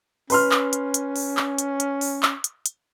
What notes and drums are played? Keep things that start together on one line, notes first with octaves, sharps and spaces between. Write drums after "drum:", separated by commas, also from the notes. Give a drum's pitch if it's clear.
C#4 B4 C6 F6, drum: open hi-hat
drum: clap
drum: hi-hat
drum: hi-hat
drum: open hi-hat
drum: clap
drum: hi-hat
drum: hi-hat
drum: open hi-hat
drum: clap
drum: hi-hat
drum: hi-hat